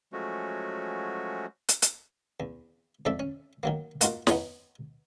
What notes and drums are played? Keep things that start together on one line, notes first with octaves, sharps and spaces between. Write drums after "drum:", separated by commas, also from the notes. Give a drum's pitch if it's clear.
F3 F#3 G#3 A3 C#4 F#4
drum: hi-hat
drum: hi-hat
E2
F2 G#2 A4 D5 E5
C#4
D#3 F#3 A#3
A#3 D#4 F4 F#4 A#4, drum: hi-hat
B3 D#4 C#5 G#5 A#5, drum: snare